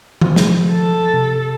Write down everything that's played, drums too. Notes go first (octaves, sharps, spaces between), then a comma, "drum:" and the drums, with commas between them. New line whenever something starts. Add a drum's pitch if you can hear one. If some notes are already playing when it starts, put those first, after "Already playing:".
F3, drum: tom D#3
drum: snare
A4
C3